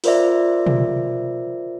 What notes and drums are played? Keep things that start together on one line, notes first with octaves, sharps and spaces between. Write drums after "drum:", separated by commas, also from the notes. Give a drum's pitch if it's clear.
F4 A#4 C5 D5 E5, drum: open hi-hat
drum: tom B2